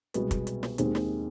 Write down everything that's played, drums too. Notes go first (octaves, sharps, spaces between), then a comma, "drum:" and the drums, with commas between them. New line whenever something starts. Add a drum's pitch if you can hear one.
C2 B2 G#3 B3, drum: hi-hat
drum: kick, hi-hat
drum: hi-hat
drum: snare
D#2 D#3 G#3 C4, drum: hi-hat
drum: snare